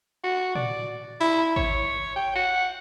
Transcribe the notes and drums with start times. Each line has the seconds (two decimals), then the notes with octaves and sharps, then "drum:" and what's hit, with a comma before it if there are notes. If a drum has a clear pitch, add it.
0.24 F#4
0.55 D5, drum: tom
1.21 E4, drum: open hi-hat
1.56 C#5, drum: kick G#1
2.16 G5
2.36 F#5